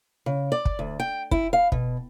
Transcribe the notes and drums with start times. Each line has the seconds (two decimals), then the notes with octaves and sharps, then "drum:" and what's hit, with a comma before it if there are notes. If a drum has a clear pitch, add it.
0.26 C#3
0.52 D5
0.65 drum: kick
0.79 D2
1.00 G5
1.31 E4, drum: kick
1.53 F5
1.72 B2, drum: kick